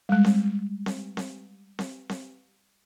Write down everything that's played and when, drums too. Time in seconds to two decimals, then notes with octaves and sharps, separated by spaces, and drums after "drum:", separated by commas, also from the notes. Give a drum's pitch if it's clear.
0.09 G3 G#3
0.24 drum: snare C4
0.86 drum: snare C4
1.17 drum: snare C4
1.79 drum: snare C4
2.09 drum: snare C4